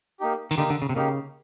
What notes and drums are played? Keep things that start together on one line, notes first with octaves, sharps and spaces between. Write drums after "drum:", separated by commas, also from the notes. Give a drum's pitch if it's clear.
A#3 D#4 G4
D#3, drum: open hi-hat
D3 A#3 D#4 G4
D3
C#3
C3
C#3 A#3 D#4 G4